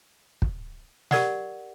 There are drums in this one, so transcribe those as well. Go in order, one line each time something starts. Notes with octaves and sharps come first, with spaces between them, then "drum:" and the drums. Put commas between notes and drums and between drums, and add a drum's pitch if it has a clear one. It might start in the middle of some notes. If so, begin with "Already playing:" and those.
drum: kick
G4 A#4 D5 F#5, drum: snare